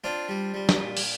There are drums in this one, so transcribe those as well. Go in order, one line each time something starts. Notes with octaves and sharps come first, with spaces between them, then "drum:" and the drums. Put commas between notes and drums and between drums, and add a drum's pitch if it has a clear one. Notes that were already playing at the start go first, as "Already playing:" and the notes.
C4 D4 F4
G3
G3
drum: snare
A#2
drum: open hi-hat